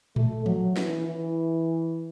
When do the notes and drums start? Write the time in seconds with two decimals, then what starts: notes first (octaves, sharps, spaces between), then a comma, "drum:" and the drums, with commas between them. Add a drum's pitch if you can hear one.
0.16 A3, drum: tom A2
0.46 F#3, drum: tom E3
0.77 E3, drum: snare
1.07 E3